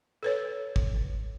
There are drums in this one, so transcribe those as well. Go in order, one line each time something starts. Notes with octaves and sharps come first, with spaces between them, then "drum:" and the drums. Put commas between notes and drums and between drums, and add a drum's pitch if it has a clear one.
A4 B4 C#5
drum: kick G#1